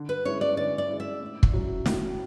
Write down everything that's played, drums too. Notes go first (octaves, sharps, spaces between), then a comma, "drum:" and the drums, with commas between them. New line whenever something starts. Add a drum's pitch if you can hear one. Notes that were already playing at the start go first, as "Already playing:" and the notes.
Already playing: D3
B4
G#3 C#4 E4 C#5
D5
D3 D5
D5
G#3 C#4 E4
E5
A2
drum: kick
F#3 C#4 E4
A2, drum: snare